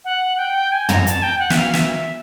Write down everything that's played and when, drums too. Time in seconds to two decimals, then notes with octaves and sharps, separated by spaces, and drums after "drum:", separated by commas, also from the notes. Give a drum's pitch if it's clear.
0.05 F#5
0.38 G5
0.72 G#5
0.89 A#5, drum: tom
1.07 A5, drum: hi-hat
1.23 G5
1.39 F#5
1.50 E5, drum: snare
1.57 F5
1.74 E5, drum: snare
1.90 E5